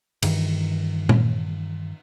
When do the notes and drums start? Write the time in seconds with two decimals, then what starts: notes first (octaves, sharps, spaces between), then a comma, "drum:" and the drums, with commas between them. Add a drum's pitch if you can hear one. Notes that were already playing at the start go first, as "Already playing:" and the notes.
0.23 G2 D#3 E3, drum: cymbal
1.09 drum: tom A#2